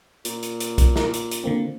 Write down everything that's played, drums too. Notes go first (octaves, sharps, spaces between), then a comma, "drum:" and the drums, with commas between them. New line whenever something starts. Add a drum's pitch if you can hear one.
A#2, drum: hi-hat
drum: hi-hat
drum: hi-hat
drum: kick B1, hi-hat
drum: snare
drum: hi-hat
drum: hi-hat
D3 A#3 C4